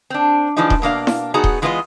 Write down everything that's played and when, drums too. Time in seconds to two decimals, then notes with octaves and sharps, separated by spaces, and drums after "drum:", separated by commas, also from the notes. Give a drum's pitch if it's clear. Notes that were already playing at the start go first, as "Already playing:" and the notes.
0.10 C4 D4
0.57 E3 F3 G#3 D4 D#4
0.70 drum: kick D#1
0.82 B2 A#3 D4 F5
1.07 drum: snare E4
1.34 B3 D#4 F#4 G#4 A#5
1.44 drum: kick D#1
1.62 E3 G#3 B3 F4 G#4 D#5